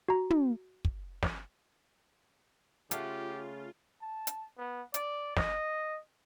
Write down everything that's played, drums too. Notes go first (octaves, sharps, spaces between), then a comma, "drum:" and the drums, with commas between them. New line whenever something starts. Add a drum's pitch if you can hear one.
F#4 A#5
drum: tom
drum: kick
drum: snare
C#3 A3 F4 G4 F5 F#5, drum: hi-hat
A5
drum: hi-hat
B3
D5, drum: hi-hat
D#5, drum: snare